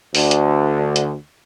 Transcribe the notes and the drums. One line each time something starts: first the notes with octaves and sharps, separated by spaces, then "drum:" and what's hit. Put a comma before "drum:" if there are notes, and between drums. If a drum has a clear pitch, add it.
D2 D3, drum: open hi-hat
drum: hi-hat
drum: hi-hat